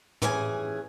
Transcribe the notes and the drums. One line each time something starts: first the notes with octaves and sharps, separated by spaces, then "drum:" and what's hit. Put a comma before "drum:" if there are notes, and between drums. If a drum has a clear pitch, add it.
D#2 E3 C#4 G#4 B4 G#5, drum: tom A2